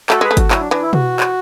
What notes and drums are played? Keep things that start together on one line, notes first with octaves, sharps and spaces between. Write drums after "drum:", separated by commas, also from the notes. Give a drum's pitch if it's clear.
A3 F#4 A4, drum: clap
G#3 G#4 B4
A3
F#4, drum: kick G1, hi-hat
F#3 E4, drum: clap
D4
E3 D4
E4
F#4, drum: tom B2
drum: clap